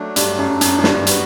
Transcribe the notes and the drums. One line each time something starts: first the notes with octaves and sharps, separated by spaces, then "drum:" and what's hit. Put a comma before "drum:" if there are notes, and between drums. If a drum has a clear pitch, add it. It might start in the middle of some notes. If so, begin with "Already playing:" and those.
Already playing: F#3 A3 D4
G2, drum: hi-hat
F#2
F#2, drum: hi-hat
F#2
G2, drum: snare
G3 B3 F#4 B4, drum: hi-hat